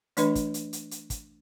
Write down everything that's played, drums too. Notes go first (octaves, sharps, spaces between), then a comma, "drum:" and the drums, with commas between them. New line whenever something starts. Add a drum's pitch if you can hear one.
E3 A3 D4 B4 D#5 B5, drum: hi-hat
drum: kick, hi-hat
drum: hi-hat
drum: hi-hat
drum: hi-hat
drum: kick, hi-hat